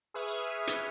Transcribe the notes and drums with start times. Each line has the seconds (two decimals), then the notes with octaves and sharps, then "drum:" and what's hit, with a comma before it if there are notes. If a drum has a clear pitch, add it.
0.14 G#4 B4 E5 C#6 D#6 F6
0.67 drum: hi-hat